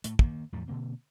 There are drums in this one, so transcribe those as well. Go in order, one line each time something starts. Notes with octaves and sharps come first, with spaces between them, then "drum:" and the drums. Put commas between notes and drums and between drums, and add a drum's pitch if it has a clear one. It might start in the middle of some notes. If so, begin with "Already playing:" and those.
A2 A3, drum: hi-hat
D#3 A#3, drum: kick
E2 A2 F3 G3
B2 D3 A#3 C4